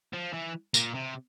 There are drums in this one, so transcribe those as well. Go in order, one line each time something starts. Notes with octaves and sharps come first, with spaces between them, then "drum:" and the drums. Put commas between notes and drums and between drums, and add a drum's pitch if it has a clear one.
F3
E3
A#2, drum: tambourine
C3